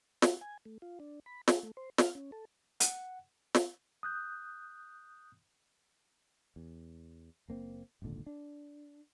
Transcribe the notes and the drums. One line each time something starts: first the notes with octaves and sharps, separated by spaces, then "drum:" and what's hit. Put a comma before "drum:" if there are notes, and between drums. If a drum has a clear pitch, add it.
F#4, drum: snare
G#5
A3
F4
D4
B5
G#4, drum: snare
A3
C5
F6, drum: snare
C#4
A4
F#5, drum: hi-hat
drum: snare
D#6 F#6 G6
E2
F#1 A#3 C4
D1 G#1 A#2 D3
D4